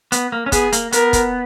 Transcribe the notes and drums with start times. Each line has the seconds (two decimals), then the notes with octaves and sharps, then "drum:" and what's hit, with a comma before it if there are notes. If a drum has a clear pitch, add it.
0.12 B3, drum: hi-hat
0.32 A#3
0.46 C#4
0.52 B3 G#4, drum: kick, hi-hat
0.73 A#3, drum: hi-hat
0.92 B3 A#4, drum: hi-hat
1.13 drum: kick, hi-hat